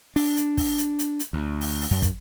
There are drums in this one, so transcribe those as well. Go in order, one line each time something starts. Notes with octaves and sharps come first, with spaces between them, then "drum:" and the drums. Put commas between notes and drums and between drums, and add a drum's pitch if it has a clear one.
D4, drum: open hi-hat
drum: hi-hat
drum: kick, open hi-hat
drum: hi-hat
drum: hi-hat
drum: hi-hat
D2
drum: open hi-hat
drum: open hi-hat
F#2
drum: kick, hi-hat